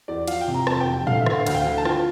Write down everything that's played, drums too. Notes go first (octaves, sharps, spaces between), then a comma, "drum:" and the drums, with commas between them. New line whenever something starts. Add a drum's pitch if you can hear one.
E2 D5
F3 F5, drum: cymbal
G5
C3
A#5
F2 A5, drum: rim click
G5
F1
G5
D3 F5, drum: tom A2
E5
D3, drum: rim click
F5
D2 F5, drum: cymbal
G5
D3 F5
A5
F4 G5, drum: rim click